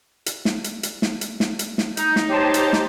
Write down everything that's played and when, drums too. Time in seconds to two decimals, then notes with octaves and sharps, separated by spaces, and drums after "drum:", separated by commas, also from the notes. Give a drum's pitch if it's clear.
0.26 drum: hi-hat
0.45 drum: snare
0.64 drum: hi-hat
0.83 drum: hi-hat
1.02 drum: snare
1.21 drum: hi-hat
1.40 drum: snare
1.59 drum: hi-hat
1.78 drum: snare
1.97 D#4 G6, drum: hi-hat
2.16 drum: snare
2.29 G4 C5 C#5 A5
2.54 drum: hi-hat
2.73 drum: snare